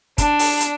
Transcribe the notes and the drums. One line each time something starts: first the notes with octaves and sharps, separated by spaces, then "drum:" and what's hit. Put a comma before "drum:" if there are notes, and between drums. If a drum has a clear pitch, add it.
D4, drum: kick, hi-hat
drum: open hi-hat
drum: hi-hat